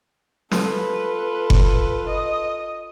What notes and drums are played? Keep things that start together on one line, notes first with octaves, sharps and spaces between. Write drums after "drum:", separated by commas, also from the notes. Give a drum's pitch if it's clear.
F4 A4 B4, drum: snare
drum: kick F#1
D#5